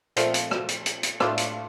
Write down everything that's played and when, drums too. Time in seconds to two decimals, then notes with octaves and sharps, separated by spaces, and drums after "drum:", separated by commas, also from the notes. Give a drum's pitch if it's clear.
0.16 A#2 F3 A3 C4 F4, drum: hi-hat
0.34 drum: hi-hat
0.51 drum: rim click
0.69 drum: hi-hat
0.86 drum: hi-hat
1.03 drum: hi-hat
1.20 A2 A3 D4 F4, drum: rim click
1.38 drum: hi-hat